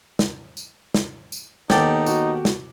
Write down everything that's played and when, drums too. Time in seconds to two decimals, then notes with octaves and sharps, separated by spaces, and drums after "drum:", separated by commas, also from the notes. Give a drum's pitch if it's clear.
0.19 drum: snare
0.57 drum: tambourine
0.95 drum: snare
1.32 drum: tambourine
1.70 D#2 B2 D#4 G4 A4 D6, drum: snare
2.06 F#4, drum: tambourine
2.45 drum: snare